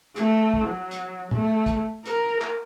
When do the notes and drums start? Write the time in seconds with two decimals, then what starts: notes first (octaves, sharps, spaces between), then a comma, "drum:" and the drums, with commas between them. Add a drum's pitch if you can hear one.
0.16 A3, drum: hi-hat
0.54 drum: kick
0.67 F#3
0.91 drum: hi-hat
1.31 A3, drum: tom
1.66 drum: kick, hi-hat
2.06 A#4, drum: hi-hat
2.41 drum: clap